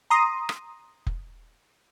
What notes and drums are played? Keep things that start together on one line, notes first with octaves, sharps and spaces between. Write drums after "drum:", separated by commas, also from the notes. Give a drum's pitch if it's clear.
A#5 C6 D#6
drum: rim click
drum: kick F1